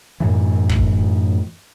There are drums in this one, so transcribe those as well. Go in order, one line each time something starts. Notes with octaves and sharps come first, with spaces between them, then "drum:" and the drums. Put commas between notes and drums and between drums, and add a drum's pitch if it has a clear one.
F#2 A2 E3
drum: kick